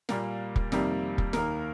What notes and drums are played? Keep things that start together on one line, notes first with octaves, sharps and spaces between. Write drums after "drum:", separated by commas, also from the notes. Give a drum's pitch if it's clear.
A#2 G3 A#3, drum: snare
drum: kick
F2 C3 D#3 G3 A#3, drum: snare
drum: kick
D#2 D#3 A#3 A#4, drum: snare